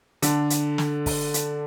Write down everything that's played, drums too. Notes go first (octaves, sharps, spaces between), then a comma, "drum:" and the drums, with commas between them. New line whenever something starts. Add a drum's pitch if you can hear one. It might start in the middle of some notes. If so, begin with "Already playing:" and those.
D3 D4, drum: hi-hat
drum: hi-hat
drum: snare
drum: kick, open hi-hat
drum: hi-hat